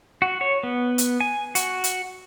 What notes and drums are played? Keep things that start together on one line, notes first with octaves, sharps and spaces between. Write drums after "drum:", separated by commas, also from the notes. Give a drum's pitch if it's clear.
F#4
C#5
B3
drum: hi-hat
G#5
F#4, drum: hi-hat
drum: hi-hat